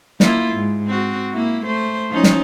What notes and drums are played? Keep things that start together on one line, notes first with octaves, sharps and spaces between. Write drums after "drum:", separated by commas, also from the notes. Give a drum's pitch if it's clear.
A#3 E4 F4, drum: snare
G#2
C4 F#4
A#3 E4
A3 C5
F3 C#4 D#4
drum: snare